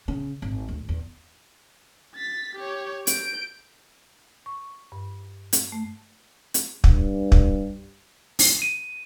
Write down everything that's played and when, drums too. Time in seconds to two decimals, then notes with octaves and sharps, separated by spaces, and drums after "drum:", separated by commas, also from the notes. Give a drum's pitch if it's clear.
0.08 C#3
0.42 G#1
0.69 D2
0.89 E2
2.15 A6 B6
2.56 G4 C#5
3.07 G6 D7, drum: hi-hat
4.46 C#6
4.92 G2
5.53 drum: hi-hat
5.72 A3
6.54 drum: hi-hat
6.84 G2, drum: kick
7.32 drum: kick
8.39 drum: open hi-hat
8.62 D#7